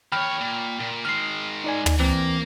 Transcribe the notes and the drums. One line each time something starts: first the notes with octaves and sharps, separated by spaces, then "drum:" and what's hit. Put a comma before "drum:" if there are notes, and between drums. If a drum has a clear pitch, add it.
D#2 C#5 G5 B5 F6
A#2
A#2
D#3 G#3 F6 C7
D#4 D5 G#5
drum: tom
E3 A#3 C4